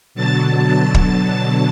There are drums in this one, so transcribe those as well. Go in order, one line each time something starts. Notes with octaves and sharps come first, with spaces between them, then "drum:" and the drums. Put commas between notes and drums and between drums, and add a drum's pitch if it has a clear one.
B2 D3 F#3 A5 A6
drum: kick